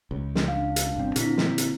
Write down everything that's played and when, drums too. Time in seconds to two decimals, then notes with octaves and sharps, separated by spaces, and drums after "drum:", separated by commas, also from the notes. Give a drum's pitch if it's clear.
0.11 C#2
0.35 drum: snare
0.48 D4 F5
0.76 drum: hi-hat
0.97 G1 C2 C4
1.16 A#2 D3 C4 E4 B6, drum: hi-hat
1.37 drum: snare
1.58 drum: hi-hat